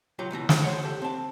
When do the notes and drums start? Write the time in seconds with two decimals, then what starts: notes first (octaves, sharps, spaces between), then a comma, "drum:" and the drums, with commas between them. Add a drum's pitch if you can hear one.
0.19 C#2 F#3 F4 G4 A#5
0.31 C#2 B2 E3 A#5
0.49 G2 D#3 F3, drum: snare
0.63 C5 C#5 F#5
0.82 C2 G4 A4
1.02 C4 A5